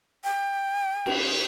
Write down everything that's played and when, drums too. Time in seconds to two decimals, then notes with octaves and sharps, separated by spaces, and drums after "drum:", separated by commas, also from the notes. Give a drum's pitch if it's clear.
0.24 G5
1.06 drum: cymbal